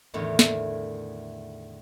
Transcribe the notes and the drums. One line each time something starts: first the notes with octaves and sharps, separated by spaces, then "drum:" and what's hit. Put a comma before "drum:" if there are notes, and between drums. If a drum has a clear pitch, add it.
E2 A2 D3 D#3
drum: snare